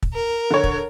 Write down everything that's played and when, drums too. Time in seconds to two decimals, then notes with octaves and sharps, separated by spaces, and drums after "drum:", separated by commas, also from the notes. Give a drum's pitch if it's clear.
0.03 drum: kick
0.14 A#4
0.50 D3 C#5
0.64 drum: kick